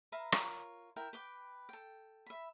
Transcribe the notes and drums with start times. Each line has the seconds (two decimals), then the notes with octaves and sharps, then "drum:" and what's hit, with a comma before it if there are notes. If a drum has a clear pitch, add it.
0.12 B4 E5 F5 A#5
0.32 F4 A#4 C#5, drum: rim click
0.96 E4 A#4 G5
1.13 B4 G5 D6
1.69 A4 G5
2.27 E5 B5